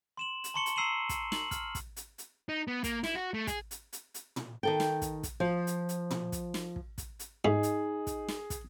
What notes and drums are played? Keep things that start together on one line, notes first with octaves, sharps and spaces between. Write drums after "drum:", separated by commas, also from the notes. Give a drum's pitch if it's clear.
C6 E7 F#7
drum: hi-hat
A5 A#5 C6 C#6 C#7 G7
drum: hi-hat
A#5 E6 C7 D#7 E7 F#7
drum: kick, hi-hat
F#7, drum: snare
F6, drum: kick, hi-hat
drum: kick, hi-hat
drum: hi-hat
drum: hi-hat
D#4
B3
A#3, drum: kick, hi-hat
E4, drum: snare
F#4
A3
G#4, drum: kick, hi-hat
drum: hi-hat
drum: hi-hat
drum: hi-hat
drum: tom
D#3 A4 G5
drum: snare
drum: kick, hi-hat
drum: kick, hi-hat
F3
drum: hi-hat
drum: hi-hat
drum: tom
drum: kick, hi-hat
drum: snare
drum: kick
drum: kick, hi-hat
drum: hi-hat
G#2 D#4 G#4
drum: hi-hat
drum: kick, hi-hat
drum: snare
drum: kick, hi-hat